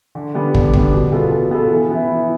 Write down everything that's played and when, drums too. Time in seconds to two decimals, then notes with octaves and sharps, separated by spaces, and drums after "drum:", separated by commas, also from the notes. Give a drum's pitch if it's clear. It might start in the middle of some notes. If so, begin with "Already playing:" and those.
0.15 D3
0.34 G3 B3 D4
0.54 D3, drum: kick
0.73 G3 B3 D4, drum: kick
0.93 B2
1.12 B3 F4 A4
1.32 B2
1.51 B3 F4 A4
1.70 E3
1.90 B3 E4
2.09 E3